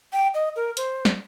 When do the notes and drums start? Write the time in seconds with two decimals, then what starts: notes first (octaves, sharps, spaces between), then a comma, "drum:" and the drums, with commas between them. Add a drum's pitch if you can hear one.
0.13 G5
0.34 D#5
0.56 A#4
0.77 C5, drum: hi-hat
1.05 drum: snare